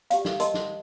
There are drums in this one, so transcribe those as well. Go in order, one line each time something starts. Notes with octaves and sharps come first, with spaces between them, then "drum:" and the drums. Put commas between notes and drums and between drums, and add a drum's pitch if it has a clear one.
G4 D5 F5, drum: hi-hat
drum: snare
A#4 D#5 A5 C6, drum: hi-hat
drum: snare